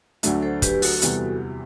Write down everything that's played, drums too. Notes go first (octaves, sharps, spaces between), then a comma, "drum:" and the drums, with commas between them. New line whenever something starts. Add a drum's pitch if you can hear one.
D2 D3 F#3 A3 D4, drum: hi-hat
A4 C5
G4 B4, drum: kick, hi-hat
F#4 A4, drum: open hi-hat
E2 C3 E3 G3 B3, drum: hi-hat